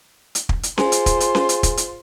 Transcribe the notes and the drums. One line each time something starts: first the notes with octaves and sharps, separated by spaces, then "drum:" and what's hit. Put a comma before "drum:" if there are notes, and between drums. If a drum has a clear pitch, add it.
drum: hi-hat
drum: kick
drum: hi-hat
F4 G#4 C5 G#5, drum: snare C#4
drum: hi-hat
drum: kick, hi-hat
drum: hi-hat
drum: snare C#4
drum: hi-hat
drum: kick, hi-hat
drum: hi-hat